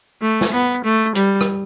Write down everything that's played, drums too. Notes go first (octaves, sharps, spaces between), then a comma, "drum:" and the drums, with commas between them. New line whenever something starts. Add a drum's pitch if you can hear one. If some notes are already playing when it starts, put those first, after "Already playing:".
A3
drum: snare
B3
A3
G3, drum: hi-hat
drum: rim click